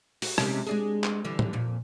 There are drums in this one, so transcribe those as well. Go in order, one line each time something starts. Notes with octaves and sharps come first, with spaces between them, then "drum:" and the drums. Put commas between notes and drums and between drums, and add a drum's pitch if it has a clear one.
F#4, drum: open hi-hat
C3 G#3 C#4, drum: rim click
G#3 D4 G#4
drum: clap
D3 E3 G3
drum: tom A2
F2 A#2